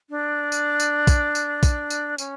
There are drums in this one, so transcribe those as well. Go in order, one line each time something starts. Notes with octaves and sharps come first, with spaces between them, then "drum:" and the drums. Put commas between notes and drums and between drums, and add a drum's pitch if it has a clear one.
D4
drum: tambourine
drum: tambourine
drum: kick, tambourine
drum: tambourine
drum: kick, tambourine
drum: tambourine
C#4, drum: tambourine